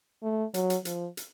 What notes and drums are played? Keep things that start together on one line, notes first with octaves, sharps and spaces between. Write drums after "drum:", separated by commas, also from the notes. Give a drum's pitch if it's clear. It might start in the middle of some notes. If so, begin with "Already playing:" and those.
A3
F#3, drum: hi-hat
drum: hi-hat
F3, drum: hi-hat
drum: hi-hat